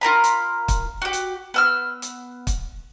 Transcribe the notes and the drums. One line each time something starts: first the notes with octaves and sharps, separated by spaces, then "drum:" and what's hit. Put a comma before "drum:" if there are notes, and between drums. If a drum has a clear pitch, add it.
F4 A#4 A#5 B5
drum: hi-hat
drum: kick, hi-hat
F#4 G4
drum: hi-hat
B3 E6 F6
drum: hi-hat
drum: kick, hi-hat